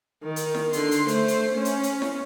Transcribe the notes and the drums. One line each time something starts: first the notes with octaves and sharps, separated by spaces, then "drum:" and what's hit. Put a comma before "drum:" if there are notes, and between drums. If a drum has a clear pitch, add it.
D#3
drum: hi-hat
drum: snare E4
D3 C6, drum: hi-hat
drum: hi-hat
A3 C5, drum: hi-hat
drum: hi-hat
C#4
drum: hi-hat
drum: hi-hat
drum: snare E4